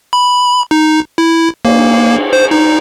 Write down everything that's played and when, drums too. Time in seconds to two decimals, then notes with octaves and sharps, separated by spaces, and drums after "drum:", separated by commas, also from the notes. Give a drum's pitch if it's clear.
0.13 B5
0.71 D#4
1.18 E4
1.65 A#3, drum: cymbal
2.33 C5
2.51 D#4